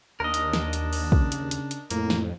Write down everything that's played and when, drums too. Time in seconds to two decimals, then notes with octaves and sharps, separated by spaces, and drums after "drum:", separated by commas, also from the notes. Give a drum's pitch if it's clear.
0.20 D#2 D4 A#4 D#5
0.34 drum: hi-hat
0.53 drum: snare
0.73 drum: hi-hat
0.93 drum: open hi-hat
1.12 C#3, drum: kick
1.32 drum: hi-hat
1.51 drum: hi-hat
1.71 drum: hi-hat
1.90 F2 A2 A#3, drum: hi-hat
2.10 drum: snare